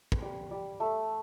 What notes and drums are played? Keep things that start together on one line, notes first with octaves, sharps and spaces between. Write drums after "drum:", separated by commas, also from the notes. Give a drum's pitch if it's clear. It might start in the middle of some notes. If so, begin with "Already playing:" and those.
drum: kick
G3
G3
A3